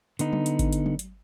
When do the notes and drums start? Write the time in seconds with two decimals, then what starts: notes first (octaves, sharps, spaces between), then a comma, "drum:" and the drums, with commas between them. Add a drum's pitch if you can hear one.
0.19 D3 B3 D#4, drum: hi-hat
0.33 drum: tom F#3
0.46 drum: hi-hat
0.59 drum: kick G#1, hi-hat
0.73 drum: hi-hat
0.86 drum: tom F#3
0.99 drum: hi-hat